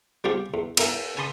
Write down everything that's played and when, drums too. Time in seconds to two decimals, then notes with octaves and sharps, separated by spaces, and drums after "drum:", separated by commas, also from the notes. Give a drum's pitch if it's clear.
0.24 G3 B3 C4 F4 G4 G#4
0.54 E2
0.77 B3 E4 A#4 F5 G#5, drum: cymbal
1.17 G#5 A5 B5 C6 D#6